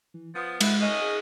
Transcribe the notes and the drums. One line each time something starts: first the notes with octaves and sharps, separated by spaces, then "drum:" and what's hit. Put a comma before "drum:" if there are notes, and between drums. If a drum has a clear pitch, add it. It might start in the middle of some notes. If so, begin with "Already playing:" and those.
E3
F3 B3 D#6
F3 G#3 B4 E5, drum: cymbal
C#4 A#4 D#5
G#4